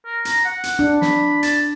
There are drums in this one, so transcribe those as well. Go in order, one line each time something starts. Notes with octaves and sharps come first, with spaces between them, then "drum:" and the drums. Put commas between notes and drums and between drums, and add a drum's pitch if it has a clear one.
A#4
A#5, drum: hi-hat
F#5
drum: hi-hat
D4
B5, drum: snare
A5, drum: hi-hat